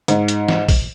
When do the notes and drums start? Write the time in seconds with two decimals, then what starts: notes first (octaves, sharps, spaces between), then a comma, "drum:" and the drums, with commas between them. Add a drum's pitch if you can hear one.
0.08 G#2, drum: hi-hat
0.28 drum: hi-hat
0.48 drum: snare
0.69 drum: kick, open hi-hat